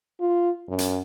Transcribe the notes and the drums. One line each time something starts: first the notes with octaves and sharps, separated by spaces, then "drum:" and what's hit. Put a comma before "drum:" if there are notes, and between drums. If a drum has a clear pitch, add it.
F4
F#2
drum: hi-hat